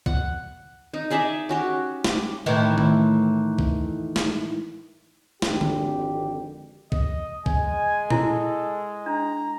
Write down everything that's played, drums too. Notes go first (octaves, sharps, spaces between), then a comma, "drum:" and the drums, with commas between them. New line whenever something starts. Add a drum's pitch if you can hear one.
F#5, drum: kick
D#4
D#4 G#4 D5 E5
C#4 F#4 G4
G4, drum: snare
A2 D#3 E3
drum: tom D#3
drum: kick
drum: snare
G#1 F2 D3 G4, drum: snare
drum: tom D3
D#5, drum: kick
G#3 G#5, drum: kick
E4 A4, drum: tom A#2
D4 A#5